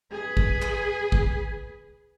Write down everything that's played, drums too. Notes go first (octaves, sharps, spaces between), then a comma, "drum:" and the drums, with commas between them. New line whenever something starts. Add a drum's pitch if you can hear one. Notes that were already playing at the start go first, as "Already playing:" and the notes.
G#4 B4
drum: kick
drum: clap
drum: kick